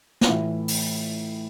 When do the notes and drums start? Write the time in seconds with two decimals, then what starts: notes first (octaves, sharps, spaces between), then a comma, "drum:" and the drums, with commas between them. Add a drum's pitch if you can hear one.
0.21 F4, drum: snare
0.28 A2 E3 E4
0.68 drum: open hi-hat